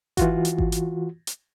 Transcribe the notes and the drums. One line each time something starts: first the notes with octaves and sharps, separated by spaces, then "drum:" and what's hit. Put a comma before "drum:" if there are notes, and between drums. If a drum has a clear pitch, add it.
E3 F4 F#4, drum: kick G#1, hi-hat
drum: hi-hat
drum: kick G#1
drum: hi-hat
drum: hi-hat